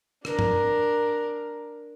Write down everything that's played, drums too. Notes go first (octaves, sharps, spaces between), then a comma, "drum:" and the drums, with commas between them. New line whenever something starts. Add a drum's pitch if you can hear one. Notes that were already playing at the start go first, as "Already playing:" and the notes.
D4 A#4, drum: rim click
drum: tom G#2